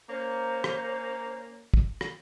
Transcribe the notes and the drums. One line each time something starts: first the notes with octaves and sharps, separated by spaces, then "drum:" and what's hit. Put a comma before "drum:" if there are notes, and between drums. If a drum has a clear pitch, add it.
A#3 C#4 C5
drum: rim click
drum: kick
drum: rim click